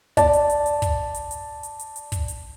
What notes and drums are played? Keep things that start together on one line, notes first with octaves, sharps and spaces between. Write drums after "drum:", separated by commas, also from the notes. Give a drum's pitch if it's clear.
D5 A5, drum: kick, hi-hat
drum: hi-hat
drum: hi-hat
drum: hi-hat
drum: kick, hi-hat
drum: hi-hat
drum: hi-hat
drum: hi-hat
drum: hi-hat
drum: hi-hat
drum: kick, hi-hat
drum: hi-hat